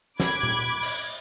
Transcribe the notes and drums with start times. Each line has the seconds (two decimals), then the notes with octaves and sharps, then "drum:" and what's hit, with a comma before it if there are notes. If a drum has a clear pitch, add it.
0.20 B5 D6 F#6 G#6, drum: snare
0.43 drum: tom A#2
0.83 drum: cymbal